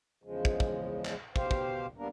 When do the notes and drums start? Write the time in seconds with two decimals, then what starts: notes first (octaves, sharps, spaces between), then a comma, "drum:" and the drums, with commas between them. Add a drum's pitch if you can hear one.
0.24 E2 C#3 F3 G#3
0.45 drum: kick
0.60 drum: kick
1.05 drum: clap
1.36 B2 G4 C5 F5, drum: kick
1.51 drum: kick
1.98 G3 A#3 B3 D4 A#4